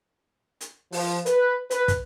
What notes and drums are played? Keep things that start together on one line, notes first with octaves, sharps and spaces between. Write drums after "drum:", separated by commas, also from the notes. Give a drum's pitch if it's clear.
drum: hi-hat
F3, drum: open hi-hat
B4, drum: hi-hat
B4, drum: hi-hat
drum: kick, hi-hat